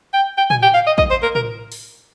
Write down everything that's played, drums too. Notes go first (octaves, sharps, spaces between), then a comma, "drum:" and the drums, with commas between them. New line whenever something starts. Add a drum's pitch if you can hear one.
G5
G5
G#5, drum: tom
G5
F5
D#5
D#5, drum: kick
C5
A#4
A#4, drum: tom A2
drum: open hi-hat